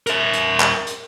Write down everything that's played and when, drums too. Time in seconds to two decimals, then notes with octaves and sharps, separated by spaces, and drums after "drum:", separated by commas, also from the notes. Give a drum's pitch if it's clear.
0.07 A#4 E5, drum: hi-hat
0.33 drum: hi-hat
0.60 drum: clap
0.87 drum: hi-hat